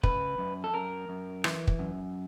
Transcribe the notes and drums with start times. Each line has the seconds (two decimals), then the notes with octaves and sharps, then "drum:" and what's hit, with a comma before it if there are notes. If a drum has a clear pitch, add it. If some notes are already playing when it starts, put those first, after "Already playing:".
0.03 C#3 B4, drum: kick
0.38 F#2
0.64 A4
0.74 F#2 A#4
1.09 F#2
1.44 E3, drum: rim click
1.67 drum: kick
1.79 F#2